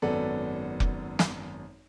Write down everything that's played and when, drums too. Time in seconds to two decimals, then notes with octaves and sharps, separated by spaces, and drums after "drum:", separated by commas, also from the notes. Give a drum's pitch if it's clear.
0.02 G#1 F#2 B3 A4 D5
0.80 drum: kick F1
1.19 drum: snare